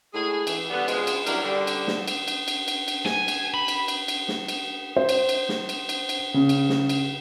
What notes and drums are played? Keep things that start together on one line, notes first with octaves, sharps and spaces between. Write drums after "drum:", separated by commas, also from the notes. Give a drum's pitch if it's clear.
A2 G#3 G#4
E3, drum: cymbal
D3 G3 B3
B2 F3 G#3, drum: cymbal
drum: cymbal
F#3 G3 D4 E4 A#4, drum: cymbal
D3 G3
drum: cymbal
drum: snare
drum: cymbal
drum: cymbal
drum: cymbal
drum: cymbal
drum: cymbal
G#5, drum: snare
drum: cymbal
B5
drum: cymbal
drum: cymbal
drum: cymbal
drum: snare
drum: cymbal
C5
drum: cymbal
drum: cymbal
drum: snare
drum: cymbal
drum: cymbal
drum: cymbal
C#3
drum: cymbal
drum: snare
drum: cymbal